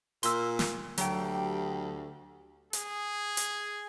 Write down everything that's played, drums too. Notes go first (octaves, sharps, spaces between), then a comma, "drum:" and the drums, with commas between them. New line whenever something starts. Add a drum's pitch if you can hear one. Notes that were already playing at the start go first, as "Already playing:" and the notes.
A#2 C6 E6, drum: hi-hat
drum: snare
D2 F#3 G4 G5, drum: hi-hat
G#4, drum: hi-hat
drum: hi-hat